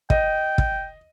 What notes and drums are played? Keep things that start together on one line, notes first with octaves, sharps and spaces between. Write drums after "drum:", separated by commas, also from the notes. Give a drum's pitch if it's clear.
D#5 G5, drum: kick
drum: kick